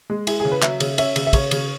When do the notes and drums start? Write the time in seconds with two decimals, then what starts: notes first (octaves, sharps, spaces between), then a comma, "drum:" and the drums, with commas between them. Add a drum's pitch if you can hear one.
0.10 G#3
0.27 E4 G#4, drum: cymbal
0.40 C#3 G#4
0.51 B4
0.62 F#3 E5, drum: clap
0.80 C#3, drum: cymbal
0.98 C#4 E5, drum: cymbal
1.16 C#3, drum: cymbal
1.26 E5
1.33 C#3 C#5, drum: kick, cymbal
1.51 C#3, drum: cymbal